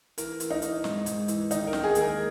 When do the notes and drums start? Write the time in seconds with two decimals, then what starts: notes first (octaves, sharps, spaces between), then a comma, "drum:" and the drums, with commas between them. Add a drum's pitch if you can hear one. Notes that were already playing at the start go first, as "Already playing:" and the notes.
0.18 E3 A#4, drum: hi-hat
0.40 E3, drum: hi-hat
0.51 D#4
0.62 E3, drum: hi-hat
0.84 G#2, drum: snare
1.06 G#2, drum: hi-hat
1.28 E3, drum: hi-hat
1.51 D#3 D#4, drum: hi-hat
1.67 A#4
1.73 D#3, drum: snare
1.84 G#4
1.95 D#2, drum: hi-hat
2.01 A#4